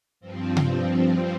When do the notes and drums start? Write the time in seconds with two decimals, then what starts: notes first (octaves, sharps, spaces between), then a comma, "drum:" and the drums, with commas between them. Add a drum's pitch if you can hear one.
0.20 G2 F3 C4
0.57 drum: tom C3